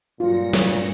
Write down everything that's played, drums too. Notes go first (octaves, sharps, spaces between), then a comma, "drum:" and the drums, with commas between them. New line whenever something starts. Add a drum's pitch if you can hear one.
G2 A#2 F#3 F4 A#6 C#7
drum: snare